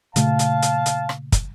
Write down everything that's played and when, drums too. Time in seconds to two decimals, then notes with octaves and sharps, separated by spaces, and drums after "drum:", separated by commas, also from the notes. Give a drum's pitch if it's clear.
0.16 A#2 C#3 A3 F5 A5, drum: hi-hat
0.39 drum: hi-hat
0.62 drum: hi-hat
0.86 drum: hi-hat
1.09 drum: rim click
1.32 drum: kick, hi-hat